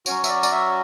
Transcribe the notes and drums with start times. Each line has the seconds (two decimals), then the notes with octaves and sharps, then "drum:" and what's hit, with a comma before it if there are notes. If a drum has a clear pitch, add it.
0.06 F#3 C#4 F#4 C#5, drum: tambourine
0.24 E5, drum: tambourine
0.29 D5
0.43 D5, drum: tambourine
0.52 E5